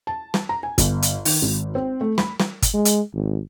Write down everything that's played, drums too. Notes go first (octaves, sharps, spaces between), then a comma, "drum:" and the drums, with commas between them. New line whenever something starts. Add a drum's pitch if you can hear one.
A5
drum: snare
A#5
G#5
G1, drum: kick, hi-hat
drum: hi-hat
D#3, drum: open hi-hat
G#1
C4
A3
B5, drum: snare
drum: snare
drum: kick, hi-hat
G#3
drum: hi-hat
G#1